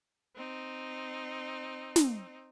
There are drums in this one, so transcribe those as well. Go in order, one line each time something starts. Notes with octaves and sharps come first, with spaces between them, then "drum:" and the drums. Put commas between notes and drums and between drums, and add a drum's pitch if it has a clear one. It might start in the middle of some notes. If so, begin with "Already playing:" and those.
C4 D#4
drum: snare